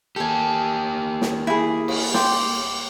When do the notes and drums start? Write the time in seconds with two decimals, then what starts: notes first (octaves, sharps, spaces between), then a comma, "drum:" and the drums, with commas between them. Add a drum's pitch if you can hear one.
0.16 A#3 G4 A4 G#5
1.21 drum: snare
1.47 E4 G#4
1.88 drum: cymbal
2.14 G5 C6 D6, drum: snare